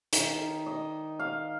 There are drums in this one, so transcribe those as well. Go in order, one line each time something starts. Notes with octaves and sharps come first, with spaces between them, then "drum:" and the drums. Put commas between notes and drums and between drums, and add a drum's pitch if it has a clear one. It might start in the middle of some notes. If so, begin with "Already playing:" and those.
D#3, drum: hi-hat
D#5
F5